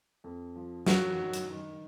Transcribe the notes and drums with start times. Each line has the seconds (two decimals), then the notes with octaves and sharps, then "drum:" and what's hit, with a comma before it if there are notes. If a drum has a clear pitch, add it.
0.24 F2
0.56 F3
0.86 F#2 F#3 F#4, drum: snare
1.18 D#3
1.34 drum: hi-hat
1.50 D#3